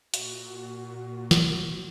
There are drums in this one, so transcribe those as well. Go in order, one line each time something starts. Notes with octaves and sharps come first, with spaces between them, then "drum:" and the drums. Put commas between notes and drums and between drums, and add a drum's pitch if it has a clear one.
A#2 F#4, drum: hi-hat
drum: snare